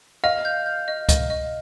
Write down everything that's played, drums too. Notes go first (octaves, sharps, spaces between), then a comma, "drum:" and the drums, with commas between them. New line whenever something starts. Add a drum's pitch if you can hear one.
D#5 F5
G6
G6
D#5
D#5, drum: kick C#2, hi-hat
D#5